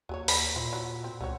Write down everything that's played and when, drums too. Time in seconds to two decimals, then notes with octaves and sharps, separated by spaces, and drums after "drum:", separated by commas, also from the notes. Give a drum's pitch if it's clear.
0.09 D#2 F#3 G#4 C#5
0.28 B5, drum: open hi-hat
0.56 A#2 E4 C5
0.73 F#3
1.04 C4
1.21 C#2 C4 F#4 C#5